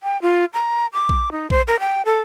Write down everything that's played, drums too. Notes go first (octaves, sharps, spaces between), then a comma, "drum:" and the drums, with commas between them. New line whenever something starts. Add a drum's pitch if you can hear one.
G5
F4
A#5
D6
drum: kick A#1
D#4
C5, drum: kick A#1
A#4
G5
A4